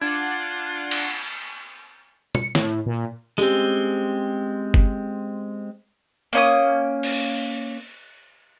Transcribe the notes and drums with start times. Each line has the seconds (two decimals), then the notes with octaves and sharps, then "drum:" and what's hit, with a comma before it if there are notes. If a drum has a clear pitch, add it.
0.02 D4 F4 F#5 G#6
0.91 drum: cymbal
2.35 C#7, drum: tom
2.55 A2, drum: snare
2.86 A#2
3.38 G#3 C4 C#4 G4 G#4, drum: tambourine
4.74 drum: kick F#1
6.33 A#3 C#4 D#6
7.03 drum: cymbal